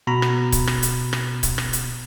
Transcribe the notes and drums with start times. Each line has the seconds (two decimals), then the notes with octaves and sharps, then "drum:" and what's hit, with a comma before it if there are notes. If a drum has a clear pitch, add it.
0.07 B2 A#5 B5
0.22 drum: rim click
0.52 drum: kick C#1, hi-hat
0.67 drum: rim click
0.83 drum: hi-hat
1.13 drum: rim click
1.43 drum: kick C#1, hi-hat
1.58 drum: rim click
1.73 drum: hi-hat